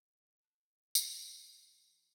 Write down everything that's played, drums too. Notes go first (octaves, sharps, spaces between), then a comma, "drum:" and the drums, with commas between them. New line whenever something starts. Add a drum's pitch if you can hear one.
A5 F#6
D#5 G#5, drum: tambourine
F#3 B3 D#4 F#6 G6 D#7
E3